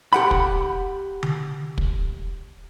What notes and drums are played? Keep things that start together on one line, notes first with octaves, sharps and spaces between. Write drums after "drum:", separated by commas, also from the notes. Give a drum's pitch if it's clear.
G4 F#5 B5
drum: kick
drum: tom D3
drum: kick